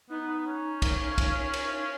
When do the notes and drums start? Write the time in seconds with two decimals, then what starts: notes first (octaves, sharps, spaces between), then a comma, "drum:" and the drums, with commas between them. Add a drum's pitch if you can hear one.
0.10 B3 D#4
0.29 B3
0.46 C#4
0.82 drum: kick, cymbal
1.18 drum: kick, cymbal
1.53 drum: cymbal